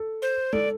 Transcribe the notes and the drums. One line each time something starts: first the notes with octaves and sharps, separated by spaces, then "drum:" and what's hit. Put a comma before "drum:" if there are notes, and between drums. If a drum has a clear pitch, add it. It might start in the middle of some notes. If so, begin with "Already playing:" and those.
Already playing: A4
C5
A4 D5, drum: tom G#3